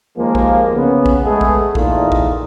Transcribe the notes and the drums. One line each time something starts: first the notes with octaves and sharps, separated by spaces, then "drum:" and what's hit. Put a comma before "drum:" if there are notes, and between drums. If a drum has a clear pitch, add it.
D#2 F3 G#3 A#3
drum: kick
C#3 B3
drum: kick
G#3 A3 B3 G#4 A4
drum: kick
E2 A#2 A3 D#4 F4, drum: kick
drum: kick